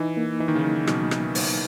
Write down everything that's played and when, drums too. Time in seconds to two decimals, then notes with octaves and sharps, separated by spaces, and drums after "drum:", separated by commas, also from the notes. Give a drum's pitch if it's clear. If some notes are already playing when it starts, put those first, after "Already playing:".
Already playing: E3 D#4
0.17 A#3
0.40 E3 D#4
0.48 D#3
0.55 C#3
0.64 D#3 F#3
0.87 B2 F#3, drum: rim click
1.11 drum: rim click
1.35 drum: open hi-hat